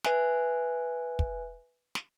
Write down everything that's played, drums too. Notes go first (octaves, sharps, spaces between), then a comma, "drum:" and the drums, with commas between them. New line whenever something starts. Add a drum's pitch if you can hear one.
B4 E5 G#5 F#6, drum: snare
drum: kick
drum: snare